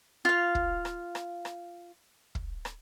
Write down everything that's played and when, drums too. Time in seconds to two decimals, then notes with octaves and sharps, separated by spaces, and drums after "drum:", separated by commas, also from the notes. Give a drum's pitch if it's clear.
0.25 F4 F5
0.55 drum: kick
0.85 drum: rim click
1.15 drum: rim click
1.45 drum: rim click
2.35 drum: kick
2.65 drum: rim click